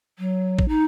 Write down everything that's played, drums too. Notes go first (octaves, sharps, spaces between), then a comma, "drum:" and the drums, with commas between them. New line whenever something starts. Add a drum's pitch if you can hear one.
F#3
drum: kick
D#4